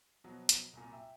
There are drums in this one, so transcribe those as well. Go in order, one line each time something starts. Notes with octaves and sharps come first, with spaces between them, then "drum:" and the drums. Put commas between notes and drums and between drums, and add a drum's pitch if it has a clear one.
B2 F3 F#3
drum: hi-hat
C2 F#2 A#2
E5 G5